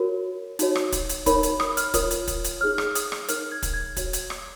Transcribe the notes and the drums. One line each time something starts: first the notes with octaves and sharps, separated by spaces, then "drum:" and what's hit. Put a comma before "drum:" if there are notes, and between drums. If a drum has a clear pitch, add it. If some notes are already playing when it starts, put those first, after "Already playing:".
Already playing: F#4 A#4 C#5
D#4 F#4 C#5, drum: hi-hat
drum: rim click
drum: kick, hi-hat
drum: hi-hat
D#4 A#4 C#5 B5, drum: kick, hi-hat
drum: hi-hat
D#6, drum: rim click
F6, drum: hi-hat
F4 A#4 C#5 D#6, drum: kick, hi-hat
drum: hi-hat
drum: kick, hi-hat
drum: hi-hat
D#4 G#4 C#5 F6
drum: rim click
D#6, drum: hi-hat
drum: rim click
D#4 A#4 C#5 F6, drum: hi-hat
G#6
drum: kick, hi-hat
G#6
F#4 C#5, drum: kick, hi-hat
drum: hi-hat
drum: rim click